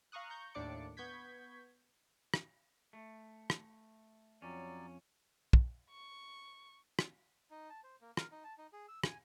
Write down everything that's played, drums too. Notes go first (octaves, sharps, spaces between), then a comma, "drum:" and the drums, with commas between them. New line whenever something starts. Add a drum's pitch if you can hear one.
F5 A#5 C#6 D#6 F#6
A#5 C#6 G6
D#2 A2 D4 D5 D6 C#7
B3 C#6 G6 G#6 B6
drum: rim click
A3
drum: rim click
F2 F#3 C#4 D5
drum: kick
C#6
drum: rim click
D#4
A5
C5
A#3
A#4, drum: rim click
D#4
A5
D#4
G#4
E6
G#5, drum: rim click